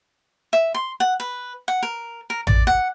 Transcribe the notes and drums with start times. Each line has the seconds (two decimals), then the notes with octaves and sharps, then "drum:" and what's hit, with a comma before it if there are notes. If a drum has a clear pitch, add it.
0.53 E5
0.75 C6
1.00 F#5
1.20 B4
1.68 F#5
1.83 A#4
2.30 A#4
2.47 D5, drum: tom A1
2.67 F#5